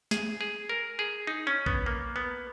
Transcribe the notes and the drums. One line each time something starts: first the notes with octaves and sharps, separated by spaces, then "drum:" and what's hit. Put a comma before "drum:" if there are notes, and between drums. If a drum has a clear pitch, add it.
G#4, drum: snare
G#4
A#4
G#4
D#4
C#4
B3, drum: kick A#1
A#3
B3